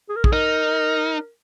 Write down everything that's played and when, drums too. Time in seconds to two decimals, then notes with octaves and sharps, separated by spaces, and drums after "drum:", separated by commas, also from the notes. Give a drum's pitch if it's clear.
0.09 G#4
0.16 A#4
0.24 G#4, drum: kick
0.32 D#4 A#4